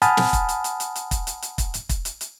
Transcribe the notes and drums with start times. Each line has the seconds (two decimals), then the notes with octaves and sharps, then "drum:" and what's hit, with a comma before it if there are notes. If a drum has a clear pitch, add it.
0.02 F#5 G#5 A5 B5 D#6 F6, drum: hi-hat
0.17 drum: snare
0.33 drum: kick, hi-hat
0.49 drum: hi-hat
0.64 drum: hi-hat
0.80 drum: hi-hat
0.96 drum: hi-hat
1.11 drum: kick, hi-hat
1.27 drum: hi-hat
1.42 drum: hi-hat
1.58 drum: kick, hi-hat
1.74 drum: hi-hat
1.89 drum: kick, hi-hat
2.05 drum: hi-hat
2.21 drum: hi-hat